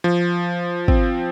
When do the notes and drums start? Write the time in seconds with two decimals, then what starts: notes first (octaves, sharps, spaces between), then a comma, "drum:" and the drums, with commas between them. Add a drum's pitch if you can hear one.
0.04 F3
0.88 C4, drum: kick